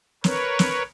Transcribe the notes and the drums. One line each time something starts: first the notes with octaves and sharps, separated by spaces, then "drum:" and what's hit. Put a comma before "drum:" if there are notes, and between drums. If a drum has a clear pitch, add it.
A#4 B4 C#5, drum: snare
drum: snare